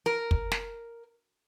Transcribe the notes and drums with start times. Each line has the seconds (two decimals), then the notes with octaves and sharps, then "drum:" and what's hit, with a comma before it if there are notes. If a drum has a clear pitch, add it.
0.06 A#4
0.31 drum: kick
0.51 drum: snare